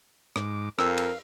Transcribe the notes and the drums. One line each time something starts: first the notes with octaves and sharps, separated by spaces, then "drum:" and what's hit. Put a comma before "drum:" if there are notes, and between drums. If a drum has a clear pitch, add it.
G#2 D6, drum: rim click
F2 A#4 F5 E6, drum: rim click
drum: cymbal